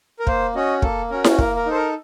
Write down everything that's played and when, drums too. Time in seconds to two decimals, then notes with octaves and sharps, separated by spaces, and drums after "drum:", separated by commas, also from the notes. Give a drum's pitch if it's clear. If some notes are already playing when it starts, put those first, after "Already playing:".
0.20 A#4
0.27 A#3 C5, drum: kick
0.55 C#4 F#4 D#5
0.82 A#3 A4, drum: kick
1.10 C#4 F#4 A#4
1.24 drum: snare E4
1.38 A#3 A#4, drum: kick
1.56 A#4
1.66 D#4 A4 C5
1.75 A#4